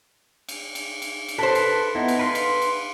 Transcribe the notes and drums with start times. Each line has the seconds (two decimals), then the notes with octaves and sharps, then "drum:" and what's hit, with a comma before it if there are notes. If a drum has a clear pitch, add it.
0.49 drum: cymbal
0.75 drum: cymbal
1.02 drum: cymbal
1.28 drum: cymbal
1.38 A4 B4 C5
1.55 drum: cymbal
1.95 B3 D#4 E4
2.08 drum: cymbal
2.19 B4 F5 C6
2.35 drum: cymbal
2.62 drum: cymbal